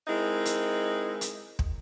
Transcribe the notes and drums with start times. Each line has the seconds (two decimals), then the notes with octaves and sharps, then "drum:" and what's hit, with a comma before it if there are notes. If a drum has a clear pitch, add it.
0.08 G#3 C4 D#4 E4 A#4
0.45 drum: hi-hat
1.21 drum: hi-hat
1.59 drum: kick